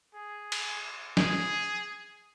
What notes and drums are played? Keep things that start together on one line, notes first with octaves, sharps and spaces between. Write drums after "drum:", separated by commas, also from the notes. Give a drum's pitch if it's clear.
G#4
drum: cymbal
G#4, drum: snare